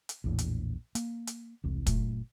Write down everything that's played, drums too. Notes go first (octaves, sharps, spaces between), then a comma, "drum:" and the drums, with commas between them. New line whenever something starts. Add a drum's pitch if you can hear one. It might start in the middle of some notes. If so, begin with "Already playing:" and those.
drum: hi-hat
A#1 E2 A2
drum: hi-hat
A#3, drum: hi-hat
drum: hi-hat
E1 C2
F#1 A#2 A3, drum: kick, hi-hat